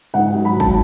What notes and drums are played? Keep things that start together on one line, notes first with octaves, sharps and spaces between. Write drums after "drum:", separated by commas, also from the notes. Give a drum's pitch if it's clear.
G#2 F#5
F#3
B5
G#2
A5, drum: kick G1